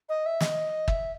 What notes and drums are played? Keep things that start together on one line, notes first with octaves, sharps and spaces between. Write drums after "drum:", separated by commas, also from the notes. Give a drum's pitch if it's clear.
D#5
E5
D#5, drum: snare
E5, drum: kick